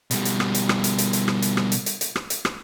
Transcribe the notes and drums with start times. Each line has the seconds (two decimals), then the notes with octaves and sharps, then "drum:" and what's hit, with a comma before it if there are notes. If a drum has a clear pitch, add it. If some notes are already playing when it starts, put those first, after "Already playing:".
0.11 B2 G3, drum: hi-hat
0.25 drum: hi-hat
0.40 drum: rim click
0.55 drum: hi-hat
0.69 drum: rim click
0.84 drum: hi-hat
0.98 drum: hi-hat
1.13 drum: hi-hat
1.28 drum: rim click
1.42 drum: hi-hat
1.57 drum: rim click
1.72 drum: hi-hat
1.86 drum: hi-hat
2.01 drum: hi-hat
2.16 drum: rim click
2.30 drum: hi-hat
2.45 drum: rim click